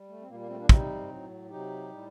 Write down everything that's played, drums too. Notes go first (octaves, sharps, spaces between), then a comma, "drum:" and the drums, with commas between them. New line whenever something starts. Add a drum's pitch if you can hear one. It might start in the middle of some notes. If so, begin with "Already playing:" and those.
Already playing: G3
A3
C4
A#2 G3 A#3
A#3
A3 C4
A#3 D4
C3 G3 C4 D#4, drum: kick
A2 F#3
C3 F#3 D#4 G4
A2 G3